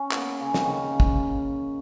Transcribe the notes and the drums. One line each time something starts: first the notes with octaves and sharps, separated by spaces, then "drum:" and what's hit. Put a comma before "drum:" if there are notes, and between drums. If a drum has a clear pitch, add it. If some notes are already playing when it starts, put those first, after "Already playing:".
Already playing: C#4
A#3 B3, drum: clap
C#3
D#3, drum: snare
C#3
drum: kick